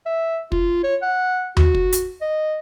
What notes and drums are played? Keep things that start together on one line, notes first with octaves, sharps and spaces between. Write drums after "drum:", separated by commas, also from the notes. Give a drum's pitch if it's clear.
E5
F4, drum: kick
C#5
F#5
F#4, drum: tom D#2
drum: kick
drum: hi-hat
D#5